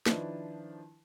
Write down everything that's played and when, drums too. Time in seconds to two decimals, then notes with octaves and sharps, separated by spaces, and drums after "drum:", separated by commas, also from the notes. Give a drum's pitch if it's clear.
0.06 D#3 F3 D4 E4 B4, drum: snare